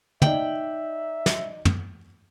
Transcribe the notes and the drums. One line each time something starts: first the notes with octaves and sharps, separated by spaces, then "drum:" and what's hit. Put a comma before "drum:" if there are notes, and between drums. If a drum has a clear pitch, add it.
D#4 D5 E5 G5 F#7, drum: tom
drum: snare
drum: tom